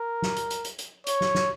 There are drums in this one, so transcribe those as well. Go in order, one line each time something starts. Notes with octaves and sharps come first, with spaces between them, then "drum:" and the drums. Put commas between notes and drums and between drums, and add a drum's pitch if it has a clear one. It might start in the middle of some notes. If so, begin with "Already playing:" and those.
Already playing: A#4
drum: snare
drum: hi-hat
drum: hi-hat
drum: hi-hat
drum: hi-hat
C#5, drum: hi-hat
drum: snare
drum: snare